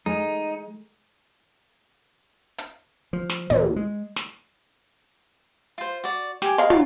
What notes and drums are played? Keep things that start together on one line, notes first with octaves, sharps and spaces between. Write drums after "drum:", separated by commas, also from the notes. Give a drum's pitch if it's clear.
G#3 D#4
drum: hi-hat
F3
drum: snare
D2 A#2 E3, drum: tom
G#3
drum: snare
F4 C5
F#4 D5
G4 G#5, drum: snare
G#3 A#4 F5
F#3 F4, drum: tom